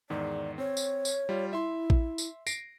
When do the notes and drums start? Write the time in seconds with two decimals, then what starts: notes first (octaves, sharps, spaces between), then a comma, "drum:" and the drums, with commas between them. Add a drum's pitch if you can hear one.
0.10 E2 G#2 D#3 D5
0.58 C4 C#5
0.77 drum: tambourine
1.05 drum: tambourine
1.29 G3 F4
1.53 E4 E5 C6
1.90 drum: kick A#1
2.18 drum: tambourine
2.47 A#6 C7 D7, drum: tambourine